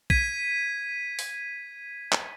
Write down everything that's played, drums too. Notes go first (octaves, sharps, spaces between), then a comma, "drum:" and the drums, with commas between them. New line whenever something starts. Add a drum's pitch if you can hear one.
G#6 B6 D#7, drum: kick
drum: open hi-hat
drum: clap